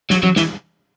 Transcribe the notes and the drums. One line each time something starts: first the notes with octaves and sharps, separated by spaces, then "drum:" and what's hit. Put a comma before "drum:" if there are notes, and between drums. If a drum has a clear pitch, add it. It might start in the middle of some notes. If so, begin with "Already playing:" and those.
F#3, drum: snare
F#3, drum: tom E3
E3, drum: snare